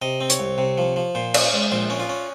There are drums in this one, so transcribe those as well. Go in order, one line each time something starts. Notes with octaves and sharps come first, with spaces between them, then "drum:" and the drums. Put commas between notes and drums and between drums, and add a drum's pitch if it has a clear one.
C3 D#5
C4
C#5, drum: hi-hat
C2
C3
F3
F3
A#2 C5
C#4, drum: cymbal
G#3
A#1 C5
C#4
F4
C#4